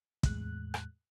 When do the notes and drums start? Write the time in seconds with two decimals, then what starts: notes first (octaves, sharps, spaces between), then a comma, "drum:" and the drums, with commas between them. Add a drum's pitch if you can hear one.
0.23 E2 A2 G#3 F#6, drum: kick, hi-hat
0.74 drum: rim click